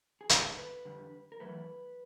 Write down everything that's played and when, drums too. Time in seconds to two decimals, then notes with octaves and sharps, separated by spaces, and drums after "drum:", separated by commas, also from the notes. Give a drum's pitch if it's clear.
0.21 G#4
0.29 G#2 D#3 G#3 A4, drum: hi-hat
0.57 B4
0.85 F2 D3 G3
1.32 A#4
1.40 E2 B2 F#3 A3 B4